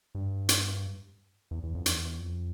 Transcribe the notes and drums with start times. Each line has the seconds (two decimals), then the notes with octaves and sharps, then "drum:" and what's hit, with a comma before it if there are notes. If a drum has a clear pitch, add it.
0.15 G2
0.49 drum: hi-hat
1.51 E2
1.63 E2
1.75 F2
1.86 E2, drum: hi-hat
2.19 F2